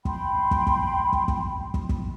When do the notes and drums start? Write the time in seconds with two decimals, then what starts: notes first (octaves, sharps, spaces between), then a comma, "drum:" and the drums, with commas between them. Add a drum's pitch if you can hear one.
0.05 G5 B5 C6, drum: kick
0.51 drum: kick
0.67 drum: kick
1.13 drum: kick
1.28 drum: kick
1.74 drum: kick
1.89 drum: kick